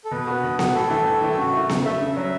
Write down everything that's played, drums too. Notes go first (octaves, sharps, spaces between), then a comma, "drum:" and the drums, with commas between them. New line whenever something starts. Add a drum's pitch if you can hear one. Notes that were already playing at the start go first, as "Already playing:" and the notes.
A4
B2 B4
B3 F#4
B2
B3 F#4, drum: snare B3
A2 A4
E3 A3
A2
E3 A3
A4
C#3 F#4
A3 E4
C#3, drum: snare B3
A3 E4 E5
C#3 E5
F#3 C#4